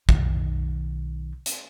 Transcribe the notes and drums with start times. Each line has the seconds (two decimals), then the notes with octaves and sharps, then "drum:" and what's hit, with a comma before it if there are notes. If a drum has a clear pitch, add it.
0.09 B1 D#3, drum: kick
1.46 drum: hi-hat